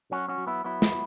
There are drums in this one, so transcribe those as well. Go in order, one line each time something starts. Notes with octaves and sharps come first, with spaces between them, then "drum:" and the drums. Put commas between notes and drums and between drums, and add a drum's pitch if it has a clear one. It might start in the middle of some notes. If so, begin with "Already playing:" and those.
F#3 C#4 F#4
C#4 F#4
F#3
B3 E4
F#3 B3 E4
drum: snare